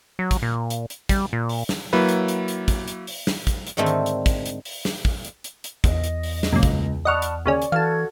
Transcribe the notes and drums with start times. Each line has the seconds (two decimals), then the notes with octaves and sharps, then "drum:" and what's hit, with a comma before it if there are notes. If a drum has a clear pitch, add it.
0.19 F#3
0.31 drum: kick, hi-hat
0.42 A#2
0.70 drum: hi-hat
0.90 drum: hi-hat
1.09 G3, drum: kick, hi-hat
1.33 A#2
1.49 drum: open hi-hat
1.69 drum: snare
1.93 F#3 A#3 E4 B4
2.09 drum: hi-hat
2.28 drum: hi-hat
2.48 drum: hi-hat
2.68 drum: kick, hi-hat
2.88 drum: hi-hat
3.07 drum: open hi-hat
3.27 drum: snare
3.47 drum: kick, hi-hat
3.67 drum: hi-hat
3.77 G#2 D3 D#3 A3 C4
3.86 drum: hi-hat
4.06 drum: hi-hat
4.26 drum: kick, hi-hat
4.46 drum: hi-hat
4.65 drum: open hi-hat
4.85 drum: snare
5.05 drum: kick
5.25 drum: hi-hat
5.44 drum: hi-hat
5.64 drum: hi-hat
5.84 E2 D#5, drum: kick, hi-hat
6.04 drum: hi-hat
6.23 drum: open hi-hat
6.43 drum: snare
6.53 C#2 F#2 A#2
6.63 drum: kick, hi-hat
7.05 D5 D#5 F#5 A5 B5 C#6 F6
7.22 drum: hi-hat
7.46 D#2 C#3 C#4 C#5 D5 G#5 C#6
7.62 drum: hi-hat
7.72 E3 F#4 A4 F5 A5 G#6